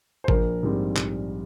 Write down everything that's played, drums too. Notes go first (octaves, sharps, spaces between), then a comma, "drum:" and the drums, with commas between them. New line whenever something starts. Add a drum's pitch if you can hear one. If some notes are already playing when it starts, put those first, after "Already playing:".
C5
A#1 A#4, drum: kick G#1
G#2 G3 C4
A#1, drum: clap